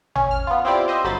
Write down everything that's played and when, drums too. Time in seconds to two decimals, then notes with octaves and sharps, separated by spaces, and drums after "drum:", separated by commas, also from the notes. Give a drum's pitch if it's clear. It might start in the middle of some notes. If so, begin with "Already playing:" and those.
0.15 C#4, drum: tom G#1
0.31 F6
0.47 B3 F4
0.65 C4 E4 F4 G4 D5
0.88 C5 D#5 E5
1.04 G1 F#3 C5 B5 A6